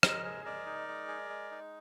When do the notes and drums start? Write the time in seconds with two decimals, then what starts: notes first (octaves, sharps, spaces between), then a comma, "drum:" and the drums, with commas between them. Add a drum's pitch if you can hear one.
0.03 G#3 A#4, drum: rim click
0.25 G#4
0.45 G#3 A#4 D5
0.66 D#4
0.88 G#3
1.08 G#4
1.30 G#3
1.51 D#4